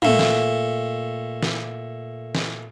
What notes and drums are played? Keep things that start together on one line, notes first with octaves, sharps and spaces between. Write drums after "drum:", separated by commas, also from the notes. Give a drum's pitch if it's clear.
A#2 A3, drum: tom
drum: snare
drum: snare
drum: snare